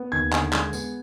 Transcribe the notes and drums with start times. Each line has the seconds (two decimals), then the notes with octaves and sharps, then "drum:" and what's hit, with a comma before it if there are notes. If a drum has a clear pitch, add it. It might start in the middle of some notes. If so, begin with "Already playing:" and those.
Already playing: B3
0.12 D#2 G#6
0.32 D3, drum: clap
0.53 G#3, drum: clap
0.73 B3, drum: tambourine